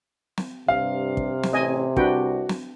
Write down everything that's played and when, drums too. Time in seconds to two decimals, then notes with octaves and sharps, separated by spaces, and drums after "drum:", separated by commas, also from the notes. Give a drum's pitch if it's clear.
0.38 drum: snare
0.68 G2 C3 F5
1.17 drum: kick
1.44 drum: snare
1.53 A1 D#5 G#5
1.96 C2 D4 F#4 B4 G5, drum: kick
2.49 drum: snare